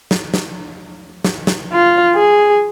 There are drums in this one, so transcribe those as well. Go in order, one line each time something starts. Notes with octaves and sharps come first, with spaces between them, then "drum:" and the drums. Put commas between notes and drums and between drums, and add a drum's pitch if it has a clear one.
drum: snare
drum: snare
drum: snare
drum: snare
F4
G#4